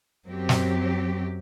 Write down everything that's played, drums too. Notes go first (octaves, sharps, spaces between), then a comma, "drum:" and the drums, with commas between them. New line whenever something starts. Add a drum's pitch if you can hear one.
F#2 F#3 C4 G4
drum: snare